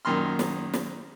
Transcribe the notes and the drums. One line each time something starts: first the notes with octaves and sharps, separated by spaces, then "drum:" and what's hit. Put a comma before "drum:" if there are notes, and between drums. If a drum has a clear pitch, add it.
F#2 A#2 D#3 A#5 C6 F6
drum: snare
drum: snare